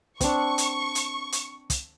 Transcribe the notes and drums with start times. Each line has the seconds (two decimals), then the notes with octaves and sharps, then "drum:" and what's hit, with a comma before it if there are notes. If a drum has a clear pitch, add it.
0.21 C4 D4 C#6, drum: kick, hi-hat
0.58 drum: hi-hat
0.95 drum: hi-hat
1.32 drum: hi-hat
1.70 drum: kick, hi-hat